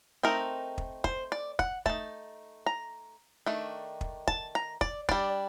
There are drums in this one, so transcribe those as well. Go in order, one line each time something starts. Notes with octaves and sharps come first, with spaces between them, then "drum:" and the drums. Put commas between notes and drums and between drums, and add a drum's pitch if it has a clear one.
A3 C4 D#4 A#4
drum: kick
C5, drum: kick
D5
F#5, drum: kick
A3 D#4 A5, drum: kick
A#5
D#3 A3 D4
drum: kick
A5, drum: kick
A#5
D5, drum: kick
G3 D4 D5, drum: kick